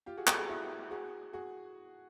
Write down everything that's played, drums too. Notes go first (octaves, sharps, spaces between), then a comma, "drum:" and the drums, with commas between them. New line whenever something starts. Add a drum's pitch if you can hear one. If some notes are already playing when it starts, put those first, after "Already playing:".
F4 G4
F#4 G#4
G4 A4, drum: clap
F#4 G#4
E4 F#4
F#4 G#4
F#4 G#4